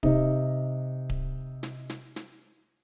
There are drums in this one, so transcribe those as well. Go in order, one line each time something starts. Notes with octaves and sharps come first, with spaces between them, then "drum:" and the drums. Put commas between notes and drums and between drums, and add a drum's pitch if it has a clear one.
C3 D#4, drum: kick D1
drum: kick D1
drum: snare
drum: snare
drum: snare